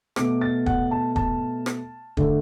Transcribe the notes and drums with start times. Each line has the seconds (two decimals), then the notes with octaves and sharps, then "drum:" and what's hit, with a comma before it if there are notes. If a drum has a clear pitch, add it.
0.16 B2 A3 D6, drum: rim click
0.41 A6
0.66 F#5, drum: kick
0.91 A5
1.16 A5, drum: kick
1.66 drum: rim click
2.17 D3 A3, drum: kick